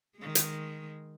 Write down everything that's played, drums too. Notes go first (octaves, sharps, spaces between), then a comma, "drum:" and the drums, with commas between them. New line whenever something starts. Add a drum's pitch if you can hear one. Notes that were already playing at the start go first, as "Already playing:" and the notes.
D#3 G#3
drum: hi-hat